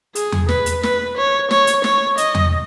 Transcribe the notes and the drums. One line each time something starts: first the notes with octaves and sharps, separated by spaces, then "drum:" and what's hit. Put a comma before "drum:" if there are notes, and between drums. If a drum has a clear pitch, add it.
G#4, drum: hi-hat
drum: tom E2
B4, drum: snare
drum: hi-hat
B4, drum: snare
C#5
C#5, drum: snare
drum: hi-hat
C#5, drum: snare
D#5, drum: hi-hat
drum: tom E2